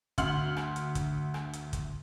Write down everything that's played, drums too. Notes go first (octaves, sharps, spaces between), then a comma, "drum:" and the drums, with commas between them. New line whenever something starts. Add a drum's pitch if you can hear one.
D2 F#5 C6 F6 F#7, drum: kick G1, hi-hat
drum: rim click
drum: hi-hat
drum: kick G1, hi-hat
drum: rim click
drum: hi-hat
drum: kick G1, hi-hat